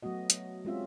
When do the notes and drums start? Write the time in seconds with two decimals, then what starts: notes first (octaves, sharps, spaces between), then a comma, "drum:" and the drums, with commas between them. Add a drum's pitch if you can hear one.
0.03 F#3 A3 B3 F#4 D#5
0.30 drum: hi-hat
0.65 G#3 C4 C#4 F4 G4 E5